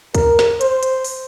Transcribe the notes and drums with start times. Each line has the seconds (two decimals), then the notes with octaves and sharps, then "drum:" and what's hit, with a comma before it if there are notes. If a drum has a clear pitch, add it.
0.15 A#4, drum: kick, hi-hat
0.39 drum: snare
0.61 C5, drum: hi-hat
0.83 drum: hi-hat
1.04 drum: open hi-hat